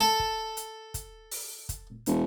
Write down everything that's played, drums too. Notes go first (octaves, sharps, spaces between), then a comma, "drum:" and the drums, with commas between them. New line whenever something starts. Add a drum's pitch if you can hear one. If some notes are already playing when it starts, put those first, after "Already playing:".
A4 A5
drum: kick
drum: hi-hat
drum: kick, hi-hat
drum: open hi-hat
drum: kick, hi-hat
E1, drum: hi-hat